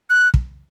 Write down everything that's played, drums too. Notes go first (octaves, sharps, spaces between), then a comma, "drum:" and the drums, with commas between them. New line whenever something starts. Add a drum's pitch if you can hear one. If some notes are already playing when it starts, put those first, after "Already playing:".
F#6
drum: kick